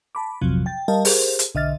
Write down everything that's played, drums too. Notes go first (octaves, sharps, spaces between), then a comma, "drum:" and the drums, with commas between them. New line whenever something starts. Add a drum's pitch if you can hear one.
A5 B5 D6
A#1 F2 C3 F3 F#3
G5 A6
G3 A#4 D#5 F5 A5
G4 G#4 A#4 C5, drum: open hi-hat
drum: hi-hat
B1 D3 D#5 E5 F6 A6